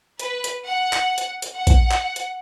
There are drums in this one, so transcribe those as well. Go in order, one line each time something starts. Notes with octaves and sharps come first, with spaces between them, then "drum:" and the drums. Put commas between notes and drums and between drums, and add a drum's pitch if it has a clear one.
B4, drum: hi-hat
drum: hi-hat
F#5
drum: clap
drum: hi-hat
drum: hi-hat
F#5
drum: kick A#1, hi-hat
drum: clap
drum: hi-hat